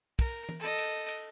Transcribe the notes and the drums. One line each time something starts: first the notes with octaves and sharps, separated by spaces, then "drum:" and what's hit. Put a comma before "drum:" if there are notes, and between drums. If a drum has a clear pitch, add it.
A#4, drum: kick, cymbal
drum: tom
A4 D#5
drum: cymbal
drum: cymbal